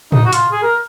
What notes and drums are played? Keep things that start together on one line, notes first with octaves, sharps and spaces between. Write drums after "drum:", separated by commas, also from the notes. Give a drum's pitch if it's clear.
D#4, drum: tom A2
F#4
F4, drum: hi-hat
G#4
A#4